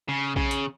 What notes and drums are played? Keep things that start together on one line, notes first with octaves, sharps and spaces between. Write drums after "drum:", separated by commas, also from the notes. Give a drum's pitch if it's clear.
C#3
C#3, drum: kick A#1
drum: hi-hat